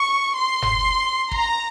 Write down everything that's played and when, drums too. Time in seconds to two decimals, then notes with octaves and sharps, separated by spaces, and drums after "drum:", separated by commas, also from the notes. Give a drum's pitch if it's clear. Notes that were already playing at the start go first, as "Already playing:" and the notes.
Already playing: C#6
0.36 C6
0.62 drum: tom F#1
1.31 A#5, drum: kick